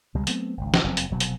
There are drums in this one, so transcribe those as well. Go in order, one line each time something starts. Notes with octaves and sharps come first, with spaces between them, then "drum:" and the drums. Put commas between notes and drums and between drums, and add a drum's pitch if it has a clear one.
C#2 C3 G3 G#3
F#3 A3 B3 C4, drum: hi-hat
G#1 C#2
drum: snare
F#1 F2 F#3 C4
drum: hi-hat
F1 B2 F#3
drum: hi-hat